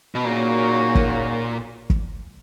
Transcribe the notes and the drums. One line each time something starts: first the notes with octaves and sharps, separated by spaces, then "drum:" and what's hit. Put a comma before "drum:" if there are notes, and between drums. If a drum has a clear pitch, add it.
B2
A#2 C#3 F#3 A#3 D#4 F#4
drum: kick
drum: kick